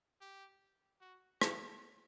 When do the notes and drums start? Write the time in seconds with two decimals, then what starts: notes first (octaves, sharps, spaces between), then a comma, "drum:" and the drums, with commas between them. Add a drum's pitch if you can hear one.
0.21 G4
1.01 F#4
1.42 G4, drum: rim click